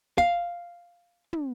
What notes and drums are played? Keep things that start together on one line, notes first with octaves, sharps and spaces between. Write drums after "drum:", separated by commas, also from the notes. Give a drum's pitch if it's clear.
F5, drum: kick
drum: tom